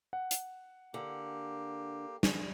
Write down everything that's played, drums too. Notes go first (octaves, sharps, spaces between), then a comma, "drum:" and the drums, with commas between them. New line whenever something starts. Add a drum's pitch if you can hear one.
F#5
drum: hi-hat
D3 A#3 G4
G2 G#4, drum: snare